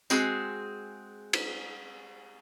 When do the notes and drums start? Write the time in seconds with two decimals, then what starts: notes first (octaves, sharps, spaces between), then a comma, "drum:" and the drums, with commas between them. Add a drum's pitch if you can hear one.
0.10 G#3 C4 F#4 G#4, drum: tambourine
1.33 drum: cymbal